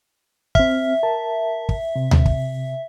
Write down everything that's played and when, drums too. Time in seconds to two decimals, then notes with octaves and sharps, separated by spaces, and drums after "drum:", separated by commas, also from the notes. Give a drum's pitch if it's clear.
0.55 C4 E5 F6, drum: kick
1.03 A#4 A5
1.69 drum: kick
1.96 C3
2.11 drum: tom D2
2.26 drum: kick